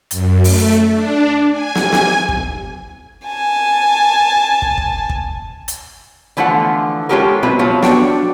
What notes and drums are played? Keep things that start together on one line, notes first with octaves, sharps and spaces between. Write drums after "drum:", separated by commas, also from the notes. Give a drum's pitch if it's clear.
F#2, drum: hi-hat
A3, drum: open hi-hat
D4
G#5
drum: snare
drum: snare
drum: kick
G#5 A5
drum: kick
drum: kick
drum: kick
drum: hi-hat
D3 E3 F3 A3 F4 F#5
G#3 C#4 F4 G4 A4 A#4
B2 F#3 C4 E4 B4
F3 F#3 B3 F4
D4 F#4 G5, drum: snare